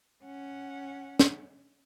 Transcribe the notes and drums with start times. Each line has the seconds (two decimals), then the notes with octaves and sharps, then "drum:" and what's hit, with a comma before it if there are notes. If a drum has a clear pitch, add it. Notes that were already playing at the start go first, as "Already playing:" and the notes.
0.24 C#4 F#5
1.19 drum: snare